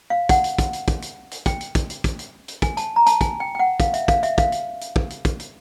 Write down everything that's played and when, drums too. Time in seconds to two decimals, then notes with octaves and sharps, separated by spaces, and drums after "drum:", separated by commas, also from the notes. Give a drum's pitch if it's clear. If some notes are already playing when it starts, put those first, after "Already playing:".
0.10 F5
0.29 F#5, drum: kick, hi-hat
0.44 drum: hi-hat
0.58 drum: kick, hi-hat
0.73 drum: hi-hat
0.88 drum: kick, hi-hat
1.02 drum: hi-hat
1.31 drum: hi-hat
1.46 G5, drum: kick, hi-hat
1.61 drum: hi-hat
1.75 drum: kick, hi-hat
1.90 drum: hi-hat
2.04 drum: kick, hi-hat
2.19 drum: hi-hat
2.48 drum: hi-hat
2.62 G#5, drum: kick, hi-hat
2.77 A5, drum: hi-hat
2.96 A#5
3.06 A5, drum: hi-hat
3.21 G#5, drum: kick, hi-hat
3.40 G5
3.55 G5
3.59 F#5
3.80 F5, drum: kick, hi-hat
3.94 E5, drum: hi-hat
4.08 F5, drum: kick, hi-hat
4.23 E5, drum: hi-hat
4.38 F5, drum: kick, hi-hat
4.52 drum: hi-hat
4.81 drum: hi-hat
4.96 drum: kick
5.10 drum: hi-hat
5.25 drum: kick, hi-hat
5.40 drum: hi-hat